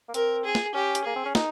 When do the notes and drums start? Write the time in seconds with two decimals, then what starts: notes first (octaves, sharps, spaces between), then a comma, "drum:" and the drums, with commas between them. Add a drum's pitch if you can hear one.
0.09 A#3
0.14 C4 A#4, drum: hi-hat
0.45 G#4
0.55 drum: snare
0.74 C#4 G4
0.95 drum: hi-hat
1.04 A#3 G#4
1.16 C4
1.26 C#4
1.35 D#4, drum: snare